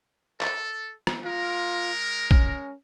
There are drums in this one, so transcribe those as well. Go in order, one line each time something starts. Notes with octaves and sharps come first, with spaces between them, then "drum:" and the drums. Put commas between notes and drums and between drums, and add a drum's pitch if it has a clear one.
A4, drum: clap
drum: rim click
G#3 F4 A#4
C#4, drum: kick